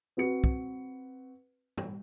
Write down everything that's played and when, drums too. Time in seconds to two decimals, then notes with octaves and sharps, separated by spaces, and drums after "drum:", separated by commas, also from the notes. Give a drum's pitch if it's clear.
0.17 C4 F#4 B4 C#7
0.44 drum: kick
1.77 drum: tom